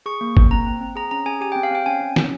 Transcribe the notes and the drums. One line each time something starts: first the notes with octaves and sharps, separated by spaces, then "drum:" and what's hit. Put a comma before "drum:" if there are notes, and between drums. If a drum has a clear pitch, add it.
G#4 C#6
A#3
A#3, drum: kick G1
C4 A#5
C4
C4
G#4 A#5
C#4 A#5
G#4 G#5
G4 G#5
G5
C4
F5
C4 G5
C#4 G#5
C#4
C#4, drum: snare